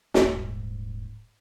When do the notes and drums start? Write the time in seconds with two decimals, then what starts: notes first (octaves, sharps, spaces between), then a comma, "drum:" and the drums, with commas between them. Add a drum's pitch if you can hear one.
0.14 D#1 G#2, drum: snare